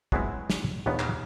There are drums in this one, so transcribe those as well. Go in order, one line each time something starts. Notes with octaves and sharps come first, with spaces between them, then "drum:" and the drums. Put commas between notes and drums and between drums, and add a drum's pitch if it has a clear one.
F#3 G#3 B3 C4 E4, drum: kick
drum: snare
A#1 D#2 D#3 B3
drum: clap